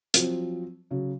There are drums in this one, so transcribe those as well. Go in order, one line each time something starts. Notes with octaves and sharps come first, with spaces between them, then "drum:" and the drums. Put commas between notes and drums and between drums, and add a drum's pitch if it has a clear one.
F3 F#3 C4, drum: hi-hat
C#3 F#3